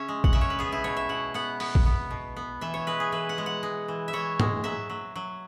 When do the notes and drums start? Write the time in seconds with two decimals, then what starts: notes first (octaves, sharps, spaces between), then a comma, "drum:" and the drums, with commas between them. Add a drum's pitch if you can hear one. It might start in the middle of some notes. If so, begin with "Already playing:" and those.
Already playing: C#3 C#4 C#5 E5
0.09 G#3
0.24 F#5, drum: kick
0.33 C#3 E5
0.41 C#5
0.50 B4
0.59 B3 G#4
0.72 E4
0.84 B2 C#5
0.97 E5
1.09 B2 F#5
1.34 B3 F#5
1.60 B3, drum: open hi-hat
1.75 drum: kick
1.85 B3
2.10 B2
2.37 B3
2.61 E3 E5
2.74 C#5
2.87 G#3 B4
3.00 G#4
3.12 E3 B4
3.29 F#5
3.38 G#3
3.46 F#5
3.63 G#3
3.88 E3
4.08 E5
4.13 E3 C#5
4.40 G#3, drum: tom
4.64 F#3 E5
4.90 F#3
5.16 F#3